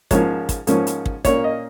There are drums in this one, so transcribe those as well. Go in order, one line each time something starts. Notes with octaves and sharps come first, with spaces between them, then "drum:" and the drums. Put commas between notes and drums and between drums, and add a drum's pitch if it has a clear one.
G#2 F3 A#3 C#4 C#5, drum: kick, hi-hat
drum: kick, hi-hat
G#2 F3 A#3 C#4, drum: hi-hat
drum: hi-hat
drum: kick
A#2 A#3 C#4 C#5, drum: kick, hi-hat
D#5